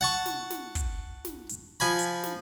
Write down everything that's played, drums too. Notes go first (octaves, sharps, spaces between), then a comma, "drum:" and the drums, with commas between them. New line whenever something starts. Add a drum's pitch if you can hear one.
F#5 A5 C#6
drum: snare
drum: snare
drum: kick, hi-hat
drum: snare
drum: hi-hat
F3 G#5 B5
drum: hi-hat
drum: snare